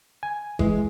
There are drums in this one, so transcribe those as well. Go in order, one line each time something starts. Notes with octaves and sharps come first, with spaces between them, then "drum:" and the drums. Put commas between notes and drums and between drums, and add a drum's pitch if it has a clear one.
G#5
E3 G#3, drum: kick F#1